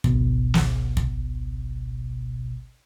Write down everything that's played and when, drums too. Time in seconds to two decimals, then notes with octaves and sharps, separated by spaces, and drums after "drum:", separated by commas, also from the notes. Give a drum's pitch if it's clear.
0.04 G#1 C#2 B2, drum: kick
0.54 drum: snare
0.97 drum: kick